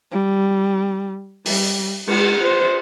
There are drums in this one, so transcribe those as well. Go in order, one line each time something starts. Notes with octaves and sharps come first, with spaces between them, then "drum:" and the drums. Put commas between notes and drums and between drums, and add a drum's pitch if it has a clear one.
G3
G3, drum: open hi-hat
G#3, drum: cymbal
C5